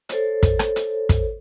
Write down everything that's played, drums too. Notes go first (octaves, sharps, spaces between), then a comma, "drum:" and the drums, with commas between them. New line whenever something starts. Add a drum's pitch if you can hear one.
A4 C5 C#5, drum: hi-hat
drum: kick, hi-hat
drum: rim click
drum: hi-hat
drum: kick, hi-hat